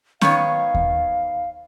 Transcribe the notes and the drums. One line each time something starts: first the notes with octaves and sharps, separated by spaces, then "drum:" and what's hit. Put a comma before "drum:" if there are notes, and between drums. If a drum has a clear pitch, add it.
D#3 B3 C#5 F5, drum: snare
drum: kick D#2